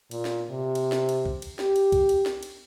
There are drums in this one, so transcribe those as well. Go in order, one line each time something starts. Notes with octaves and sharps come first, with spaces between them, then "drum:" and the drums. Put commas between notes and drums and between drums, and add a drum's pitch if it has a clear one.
A#2, drum: cymbal
drum: snare
C3
drum: cymbal
drum: snare
drum: cymbal
drum: kick
drum: cymbal
G4, drum: snare
drum: cymbal
drum: kick, cymbal
drum: cymbal
drum: snare
drum: cymbal